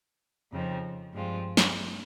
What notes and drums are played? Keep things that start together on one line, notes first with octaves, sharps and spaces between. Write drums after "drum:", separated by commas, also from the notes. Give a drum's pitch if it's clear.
F2 C#3 F3 C4 D#4
G2 F3 G#3 C4 F4
drum: snare